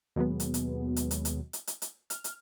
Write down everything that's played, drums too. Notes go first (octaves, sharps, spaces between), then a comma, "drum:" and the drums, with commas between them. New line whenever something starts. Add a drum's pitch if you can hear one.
D#2 B2 F#3 G#3 B3
drum: hi-hat
drum: hi-hat
drum: hi-hat
drum: hi-hat
drum: hi-hat
drum: hi-hat
drum: hi-hat
drum: hi-hat
F6, drum: hi-hat
drum: hi-hat